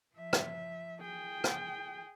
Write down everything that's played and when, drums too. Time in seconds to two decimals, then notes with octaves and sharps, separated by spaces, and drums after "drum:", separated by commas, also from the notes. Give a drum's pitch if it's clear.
0.14 F3 E5
0.33 drum: rim click
1.02 G#4 G5
1.44 drum: rim click